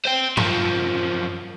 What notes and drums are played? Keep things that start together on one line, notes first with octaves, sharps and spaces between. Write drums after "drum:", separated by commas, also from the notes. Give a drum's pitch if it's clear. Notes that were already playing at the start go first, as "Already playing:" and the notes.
C5 G5
F#2 F3, drum: tom G2